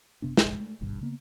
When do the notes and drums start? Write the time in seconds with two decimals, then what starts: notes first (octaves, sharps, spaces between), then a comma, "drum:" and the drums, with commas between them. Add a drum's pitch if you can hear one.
0.22 F#1 C3 B3 D4
0.37 F1 A#1, drum: snare
0.60 A3
0.81 D#1 G#1 G2 B2
1.01 C#3 A#3 B3